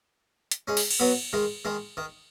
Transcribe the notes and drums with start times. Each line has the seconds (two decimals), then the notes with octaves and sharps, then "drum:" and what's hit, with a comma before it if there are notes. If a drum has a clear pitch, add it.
0.51 drum: hi-hat
0.68 G#3 C#4
0.77 drum: open hi-hat
0.91 drum: cymbal
1.00 F#3 B3
1.33 D#3 G#3
1.65 D#3 G#3
1.97 D#3